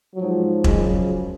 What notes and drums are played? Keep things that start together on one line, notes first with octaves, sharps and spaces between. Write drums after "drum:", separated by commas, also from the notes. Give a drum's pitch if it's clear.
G#2 F3 F#3
F#2 C#3 F3 G#3, drum: kick E1